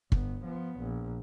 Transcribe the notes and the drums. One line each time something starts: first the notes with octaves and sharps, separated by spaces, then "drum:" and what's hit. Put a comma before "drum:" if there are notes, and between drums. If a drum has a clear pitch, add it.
G1 B3, drum: kick
F3 B3
A#1